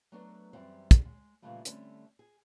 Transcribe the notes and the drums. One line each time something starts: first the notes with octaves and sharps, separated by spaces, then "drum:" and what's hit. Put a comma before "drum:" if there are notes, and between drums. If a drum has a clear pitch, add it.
F#3 A3 B3 D4 A#4
F#2 E3 G3 C4 C5
drum: kick, hi-hat
G#3
A#2 C#3 E3 F3 G3 A3
D3 G3 A3 C4 C#4, drum: hi-hat
G#4